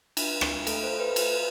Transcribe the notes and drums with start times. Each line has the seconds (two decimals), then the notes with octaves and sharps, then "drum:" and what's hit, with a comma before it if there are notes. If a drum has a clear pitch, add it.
0.17 D4, drum: cymbal
0.41 D4, drum: rim click
0.67 A3 A4, drum: cymbal
0.83 C5
0.92 A4
1.00 B4
1.16 F#4 B4, drum: cymbal